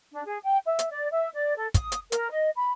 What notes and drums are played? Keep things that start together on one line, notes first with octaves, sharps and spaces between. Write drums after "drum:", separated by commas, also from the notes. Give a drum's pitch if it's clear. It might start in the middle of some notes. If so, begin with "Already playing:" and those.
D4
G#4
G5
E5
drum: hi-hat
D5
E5
D5
A4
D#6, drum: kick, hi-hat
drum: hi-hat
A#4, drum: hi-hat
D#5
B5